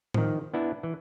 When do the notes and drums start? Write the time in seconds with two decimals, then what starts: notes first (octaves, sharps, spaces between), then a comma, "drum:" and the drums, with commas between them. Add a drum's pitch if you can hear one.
0.14 D#3 F3, drum: tom
0.54 B3 D4 E4
0.83 E3